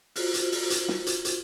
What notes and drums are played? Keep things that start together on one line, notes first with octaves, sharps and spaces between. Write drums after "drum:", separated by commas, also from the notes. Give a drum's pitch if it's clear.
F4 F#4 C5, drum: open hi-hat
drum: hi-hat
drum: open hi-hat
drum: hi-hat
drum: snare
drum: hi-hat
drum: hi-hat